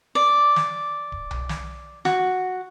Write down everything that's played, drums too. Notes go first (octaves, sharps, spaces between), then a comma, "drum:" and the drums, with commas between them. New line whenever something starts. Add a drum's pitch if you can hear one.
D5
drum: snare
drum: kick D1
drum: tom B1
drum: snare
F#4, drum: snare